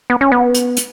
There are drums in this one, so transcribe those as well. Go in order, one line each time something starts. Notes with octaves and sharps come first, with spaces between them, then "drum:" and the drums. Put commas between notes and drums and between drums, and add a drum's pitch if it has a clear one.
B3
C#4
B3
drum: hi-hat
drum: hi-hat